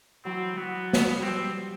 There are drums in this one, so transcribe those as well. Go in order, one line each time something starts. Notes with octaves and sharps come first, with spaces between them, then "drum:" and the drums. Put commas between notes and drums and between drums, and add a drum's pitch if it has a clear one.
E3 F#3 C4
E3 F#3 B3
drum: snare
F3 G3 C4